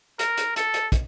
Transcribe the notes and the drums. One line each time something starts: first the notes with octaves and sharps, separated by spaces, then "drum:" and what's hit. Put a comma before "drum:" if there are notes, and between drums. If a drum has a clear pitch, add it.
A#4, drum: hi-hat
drum: hi-hat
A4, drum: hi-hat
drum: hi-hat
drum: kick, hi-hat